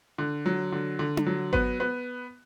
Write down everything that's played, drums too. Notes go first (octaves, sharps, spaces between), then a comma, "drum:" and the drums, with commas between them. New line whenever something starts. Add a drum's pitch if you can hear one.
D3
F#3
D3
D3
drum: tom D4
F#3
B3, drum: kick G#1
B3